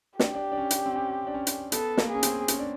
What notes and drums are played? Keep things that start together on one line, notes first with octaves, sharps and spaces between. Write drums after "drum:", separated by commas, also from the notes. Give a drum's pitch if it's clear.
D4 G4, drum: snare
D4
D4
C#4
drum: hi-hat
C4
C#4
D4
C#4
drum: hi-hat
B3 A4, drum: hi-hat
A#3, drum: snare
C#4 G#4
C4, drum: hi-hat
C#4, drum: hi-hat
D4